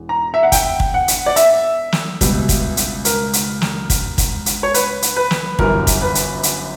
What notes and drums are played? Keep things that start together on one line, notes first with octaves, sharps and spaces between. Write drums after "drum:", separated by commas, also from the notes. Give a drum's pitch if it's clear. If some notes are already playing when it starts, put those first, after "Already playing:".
Already playing: E1 E2
A#5
E5
F#5
G5, drum: kick, hi-hat
drum: kick
F#5
drum: hi-hat
D5
E5, drum: hi-hat
drum: snare
C#2 B2 G3, drum: kick, hi-hat
drum: kick, hi-hat
drum: hi-hat
A#4, drum: hi-hat
drum: hi-hat
drum: snare
drum: kick, hi-hat
drum: kick, hi-hat
drum: hi-hat
C#5
B4, drum: hi-hat
drum: hi-hat
B4
drum: snare
G1 F#2 E3 G3 A#4, drum: kick
drum: kick, hi-hat
B4
drum: hi-hat
drum: hi-hat